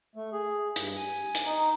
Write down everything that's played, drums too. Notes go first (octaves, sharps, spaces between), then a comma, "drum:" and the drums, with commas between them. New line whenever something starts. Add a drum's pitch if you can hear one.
A3
G#4
G2, drum: hi-hat
G#5
drum: hi-hat
D#4